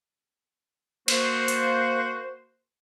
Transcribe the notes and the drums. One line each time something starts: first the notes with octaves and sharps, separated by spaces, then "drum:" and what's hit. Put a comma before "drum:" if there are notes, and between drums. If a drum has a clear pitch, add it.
A#3 F#4 C5, drum: cymbal
drum: hi-hat